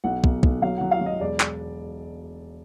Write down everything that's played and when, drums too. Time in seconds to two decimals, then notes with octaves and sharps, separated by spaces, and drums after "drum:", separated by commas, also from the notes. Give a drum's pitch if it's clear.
0.04 B1 F#5
0.24 B1, drum: kick
0.43 B1, drum: kick
0.62 F#3 F5
0.77 F#3 F#5
0.91 F5
1.01 F#3
1.06 D#5
1.20 E1 D5
1.40 drum: clap